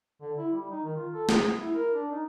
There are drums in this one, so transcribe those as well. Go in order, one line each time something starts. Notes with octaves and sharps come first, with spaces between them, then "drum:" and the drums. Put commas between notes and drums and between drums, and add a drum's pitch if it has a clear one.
D3
E4
G3
D#4
D#3
F4
A4
G#4, drum: snare
E4
A#4
D4
D#4